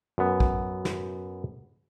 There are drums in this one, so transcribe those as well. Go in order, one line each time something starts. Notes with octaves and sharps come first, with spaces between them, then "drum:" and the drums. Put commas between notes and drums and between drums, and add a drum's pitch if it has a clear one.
F#2 B3
drum: kick
drum: snare